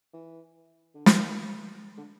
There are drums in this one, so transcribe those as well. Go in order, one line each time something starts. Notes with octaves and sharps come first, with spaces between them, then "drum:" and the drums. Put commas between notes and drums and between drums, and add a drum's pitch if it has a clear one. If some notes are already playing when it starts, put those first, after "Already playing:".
E3
D3
D#3, drum: snare
D3